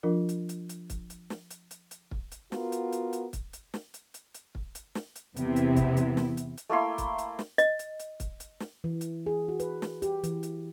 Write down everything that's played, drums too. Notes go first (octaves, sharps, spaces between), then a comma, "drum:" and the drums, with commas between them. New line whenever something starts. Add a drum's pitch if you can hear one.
F3 D4 F4 A#4
drum: hi-hat
drum: hi-hat
drum: hi-hat
drum: kick, hi-hat
drum: hi-hat
drum: snare
drum: hi-hat
drum: hi-hat
drum: hi-hat
drum: kick
drum: hi-hat
B3 F4 F#4 A#4, drum: snare
drum: hi-hat
drum: hi-hat
drum: hi-hat
drum: kick, hi-hat
drum: hi-hat
drum: snare
drum: hi-hat
drum: hi-hat
drum: hi-hat
drum: kick
drum: hi-hat
drum: snare
drum: hi-hat
E2 C3 B3 E4, drum: hi-hat
drum: hi-hat
drum: kick, hi-hat
drum: hi-hat
drum: snare
drum: hi-hat
drum: hi-hat
A3 A#3 E4 C6
drum: kick, hi-hat
drum: hi-hat
drum: snare
D#5, drum: hi-hat
drum: hi-hat
drum: hi-hat
drum: kick, hi-hat
drum: hi-hat
drum: snare
E3
drum: hi-hat
G#4
F#4
B4, drum: hi-hat
drum: snare
G4, drum: hi-hat
E3, drum: hi-hat
drum: hi-hat